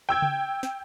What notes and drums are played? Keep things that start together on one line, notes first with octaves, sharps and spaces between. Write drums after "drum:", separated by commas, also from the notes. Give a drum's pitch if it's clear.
G5 E6 G#6
drum: tom C#3
drum: snare